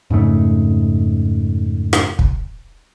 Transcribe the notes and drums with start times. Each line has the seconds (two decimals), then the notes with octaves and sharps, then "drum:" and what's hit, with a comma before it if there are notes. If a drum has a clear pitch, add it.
0.10 F2 G#2 C#3 A3
1.93 drum: rim click
2.19 drum: kick